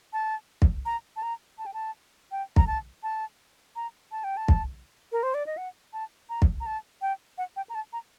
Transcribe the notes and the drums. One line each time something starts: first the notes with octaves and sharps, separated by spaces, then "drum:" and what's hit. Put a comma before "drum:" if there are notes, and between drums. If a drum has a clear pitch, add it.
A5
drum: kick
A#5
A5
A#5
A5
G5
A5
G5
A#5, drum: kick
A5
A5
A#5
A5
G5
A5
drum: kick
A#4
C5
D5
D#5
F#5
A5
A#5
drum: kick
A#5
A5
G5
F#5
G5
A#5
A5
A#5